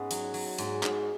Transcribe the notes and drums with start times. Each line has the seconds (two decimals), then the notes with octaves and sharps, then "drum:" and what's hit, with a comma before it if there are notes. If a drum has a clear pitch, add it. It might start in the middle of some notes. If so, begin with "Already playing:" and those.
Already playing: G#2 B3 C#4 D#4
0.11 F#3, drum: hi-hat
0.34 F#3, drum: open hi-hat
0.58 G#2, drum: hi-hat
0.83 G#2, drum: clap